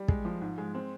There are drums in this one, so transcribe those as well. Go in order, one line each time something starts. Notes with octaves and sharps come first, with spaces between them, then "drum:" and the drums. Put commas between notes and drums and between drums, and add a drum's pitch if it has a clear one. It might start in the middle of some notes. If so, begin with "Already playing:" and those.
Already playing: G3
G#3, drum: kick
F3
G#2
G#3
C4